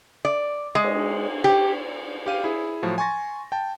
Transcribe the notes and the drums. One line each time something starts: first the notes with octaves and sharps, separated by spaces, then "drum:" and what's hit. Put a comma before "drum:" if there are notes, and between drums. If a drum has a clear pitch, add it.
D5
G#3
drum: cymbal
G4
G4 F5 D#7
E4 G#4
A2 F3 F#3
G#5 C6 C#6 A6 A#6
G5 A5